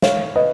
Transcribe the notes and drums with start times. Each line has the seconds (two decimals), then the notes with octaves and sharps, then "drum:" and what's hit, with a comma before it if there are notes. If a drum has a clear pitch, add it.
0.02 C#5 F5, drum: snare
0.36 B4 D#5